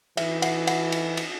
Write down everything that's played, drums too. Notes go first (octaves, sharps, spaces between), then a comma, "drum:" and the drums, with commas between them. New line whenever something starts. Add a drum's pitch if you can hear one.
E3 E5, drum: cymbal
F#5, drum: cymbal
F#5, drum: cymbal
drum: cymbal
drum: cymbal